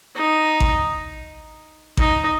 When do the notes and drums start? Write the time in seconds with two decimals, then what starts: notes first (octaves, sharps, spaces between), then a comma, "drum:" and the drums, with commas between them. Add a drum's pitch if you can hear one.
0.15 D#4
0.60 drum: kick A1
1.97 D#4, drum: kick A1